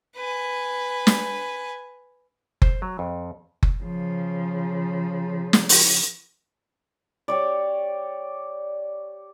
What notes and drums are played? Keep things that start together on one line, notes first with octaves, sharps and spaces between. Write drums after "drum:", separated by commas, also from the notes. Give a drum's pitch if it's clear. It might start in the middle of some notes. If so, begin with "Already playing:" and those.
B4 G#5
drum: snare
C5, drum: kick F#1
F#3
F2
drum: kick F#1
C#3 F3
drum: snare
drum: open hi-hat
G4 C#5 D5